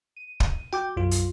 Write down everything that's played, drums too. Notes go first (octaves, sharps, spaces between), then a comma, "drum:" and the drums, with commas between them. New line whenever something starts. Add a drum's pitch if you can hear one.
D#7
drum: kick
F#4 G5 D6 G6
B1 F#2 F4
drum: hi-hat